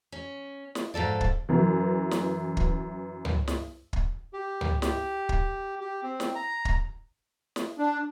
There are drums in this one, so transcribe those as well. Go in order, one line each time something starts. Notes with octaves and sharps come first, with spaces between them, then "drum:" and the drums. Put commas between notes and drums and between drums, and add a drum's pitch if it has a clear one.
C#4
drum: snare
G#2 F3 A4 D5
drum: kick
F#2 E3
drum: snare
drum: kick
drum: tom C#2
drum: snare
drum: kick
G4
drum: tom C#2
G4, drum: snare
drum: kick
G4
C4
drum: snare
A#5
drum: kick
drum: snare
D4